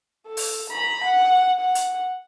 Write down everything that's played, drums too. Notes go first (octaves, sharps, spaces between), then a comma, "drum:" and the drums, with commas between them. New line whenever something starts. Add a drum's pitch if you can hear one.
A4
drum: open hi-hat
A#5 B5
F#5
F#5
drum: hi-hat